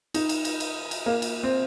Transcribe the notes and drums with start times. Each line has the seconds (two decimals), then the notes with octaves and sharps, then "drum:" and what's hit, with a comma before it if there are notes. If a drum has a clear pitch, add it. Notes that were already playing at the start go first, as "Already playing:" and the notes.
0.14 D#4, drum: cymbal
0.29 drum: cymbal
0.45 drum: cymbal
0.60 drum: cymbal
0.91 drum: cymbal
1.06 A#3
1.22 drum: cymbal
1.43 C4